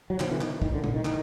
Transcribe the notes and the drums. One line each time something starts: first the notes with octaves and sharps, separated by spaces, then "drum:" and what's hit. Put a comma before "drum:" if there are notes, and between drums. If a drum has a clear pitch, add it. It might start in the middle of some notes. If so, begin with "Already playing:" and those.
F#3
B2 D#3 F3, drum: clap
D3 E3
D#3, drum: clap
A2 D#3, drum: kick
D3
D3, drum: tom
D#3
A2 D#3, drum: clap